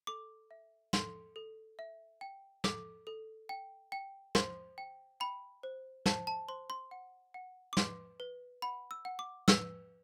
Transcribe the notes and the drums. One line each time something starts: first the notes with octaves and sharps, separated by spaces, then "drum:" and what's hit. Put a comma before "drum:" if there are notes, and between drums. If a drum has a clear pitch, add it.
A4 D6
E5
A4 C6, drum: snare
A4
E5
G5
A4 D6, drum: snare
A4
G5
G5
C5 C6, drum: snare
G5
G5 B5
C5
C5 A5, drum: snare
A5
C5 C6
C6
F#5
F#5
D6
B4 C6, drum: snare
B4
F#5 B5
E6
F#5
D6
B4 E6, drum: snare